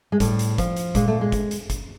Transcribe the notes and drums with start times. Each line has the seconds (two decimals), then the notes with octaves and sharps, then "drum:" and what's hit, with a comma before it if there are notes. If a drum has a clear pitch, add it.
0.12 G#3
0.20 A2 G3, drum: kick, hi-hat
0.39 drum: hi-hat
0.58 F3, drum: kick, hi-hat
0.76 drum: hi-hat
0.95 A#2 G#3, drum: kick, hi-hat
1.08 A3
1.21 G#3
1.32 drum: kick, hi-hat
1.51 drum: hi-hat
1.70 drum: kick, hi-hat